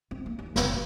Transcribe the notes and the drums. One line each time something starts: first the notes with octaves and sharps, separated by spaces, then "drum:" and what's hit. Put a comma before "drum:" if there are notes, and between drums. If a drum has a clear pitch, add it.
C4
A#3
D#2
F1, drum: snare
G#1